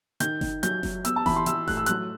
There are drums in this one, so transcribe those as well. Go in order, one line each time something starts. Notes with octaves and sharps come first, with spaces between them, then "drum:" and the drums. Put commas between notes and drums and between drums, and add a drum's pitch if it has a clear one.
D#3 G6, drum: hi-hat
D#3, drum: snare F#1
F#3 G6, drum: hi-hat
F#3, drum: snare F#1
B3 E6, drum: hi-hat
A5
E3 B5, drum: snare F#1
C6
E3 E6, drum: hi-hat
A2 F#6, drum: snare F#1
E6
F#3 F#6, drum: hi-hat